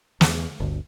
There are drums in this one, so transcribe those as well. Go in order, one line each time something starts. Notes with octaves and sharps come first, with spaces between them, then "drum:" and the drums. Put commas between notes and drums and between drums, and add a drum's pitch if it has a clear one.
E2, drum: snare
G1 D2